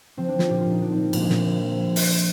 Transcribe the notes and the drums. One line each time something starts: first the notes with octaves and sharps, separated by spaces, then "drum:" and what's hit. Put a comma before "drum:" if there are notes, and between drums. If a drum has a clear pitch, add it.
F3 C4
D4
F3
F4, drum: snare
A#2 G4
F4
A#2
D#4
F3 D4
C4
F3 A#3
A#2 A#3, drum: cymbal
G#3
A#2 A#3, drum: snare
C4
F3
F3
drum: open hi-hat